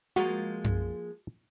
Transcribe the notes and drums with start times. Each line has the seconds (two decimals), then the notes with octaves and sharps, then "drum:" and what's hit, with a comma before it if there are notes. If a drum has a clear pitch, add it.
0.16 F3 G#3 A#3 F#4
0.64 drum: tom F#2